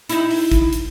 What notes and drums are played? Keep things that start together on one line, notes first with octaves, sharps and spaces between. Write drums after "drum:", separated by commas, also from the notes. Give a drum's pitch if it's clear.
D#4 E4, drum: hi-hat
drum: open hi-hat
drum: kick, hi-hat
drum: hi-hat